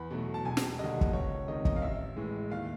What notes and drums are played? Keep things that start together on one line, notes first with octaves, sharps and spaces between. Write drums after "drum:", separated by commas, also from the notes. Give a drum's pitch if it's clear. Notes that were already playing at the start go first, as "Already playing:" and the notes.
Already playing: E2 B5
B2 F#3 A3
A5
E1 G#5
drum: snare
D#2 D3 G3 D#5
drum: kick
C#2 C#5
C3 D#3 D#5
D#5, drum: kick
F5
A1 E5
A2 E3 G#3
D#2 F5